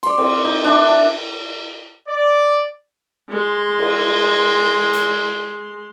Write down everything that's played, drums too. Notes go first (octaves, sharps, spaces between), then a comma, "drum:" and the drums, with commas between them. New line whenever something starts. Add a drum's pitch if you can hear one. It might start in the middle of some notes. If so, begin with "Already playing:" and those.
D5 C6, drum: cymbal
C4, drum: cymbal
D#4
D4 E5 A5 D6
A5
D5
G#3 C6
drum: cymbal
drum: hi-hat